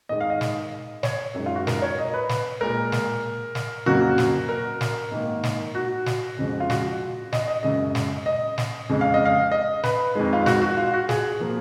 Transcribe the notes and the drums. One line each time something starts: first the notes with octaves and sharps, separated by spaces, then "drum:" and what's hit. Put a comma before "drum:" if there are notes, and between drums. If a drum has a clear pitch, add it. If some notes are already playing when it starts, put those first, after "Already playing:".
G#2 D#3 G#3 D#5
F5
D#5
drum: snare
C#5, drum: snare
F#2 D#3 G#3
F4
F#4
A#4, drum: snare
C#5
D#5
B4
drum: snare
A#2 G#3 A#4
drum: snare
drum: snare
F2 C#3 F#3 A#3 F#4
drum: snare
A#4
drum: snare
G#2 D#3 A#3
drum: snare
F#4
drum: snare
F2 C#3 F3 G#3
F4
F#4, drum: snare
D#5, drum: snare
D#5
F#2 C#3 G#3 D#5
drum: snare
D#5
drum: snare
F2 C#3 G#3
F5
D#5
F5
D#5
B4, drum: snare
F2 D#3 G#3
F4
F#4, drum: snare
F#4
F4
F#4
G#4, drum: snare
F3 A#3